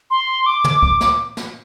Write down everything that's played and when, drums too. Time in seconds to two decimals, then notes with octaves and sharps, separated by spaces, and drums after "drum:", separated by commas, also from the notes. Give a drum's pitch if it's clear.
0.11 C6
0.46 D6
0.64 drum: tom
0.83 drum: kick
1.01 drum: snare
1.37 drum: snare